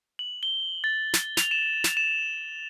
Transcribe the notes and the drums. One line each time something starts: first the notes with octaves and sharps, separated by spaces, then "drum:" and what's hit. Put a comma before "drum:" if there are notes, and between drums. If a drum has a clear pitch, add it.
F#7
G7
A6
drum: snare
F7, drum: snare
E7
drum: snare
E7